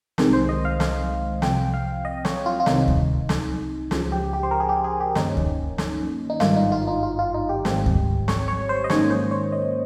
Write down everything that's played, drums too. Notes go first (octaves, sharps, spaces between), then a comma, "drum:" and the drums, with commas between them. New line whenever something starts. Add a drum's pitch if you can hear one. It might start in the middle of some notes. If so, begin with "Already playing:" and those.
C2 C3 D#3 G#3, drum: snare
C5
D#5
F5
drum: snare
C2 C3 F3 C4 G5, drum: snare
F5
D#5
C#5, drum: snare
F4
F4
C2 C3 D#3 D#4, drum: snare
drum: kick D2
drum: snare
C#2 C#3 F3, drum: snare
G4
G4
C5
A#4
G#4
G4
G#4
G4
G2 D#3 A#3 C#4 D#4, drum: snare
drum: kick D2
drum: snare
D#4
G#1 G2 D#3 F4, drum: snare
D#4
F4
D#4
F4
F4
D#4
G4
G#1 G#2 D#3 G3 C4, drum: snare
drum: kick D2
C#5, drum: snare
C#5
C5
D#5
G#2 D#3 A#3 C#4 C#5, drum: snare
C5
C#5
D#5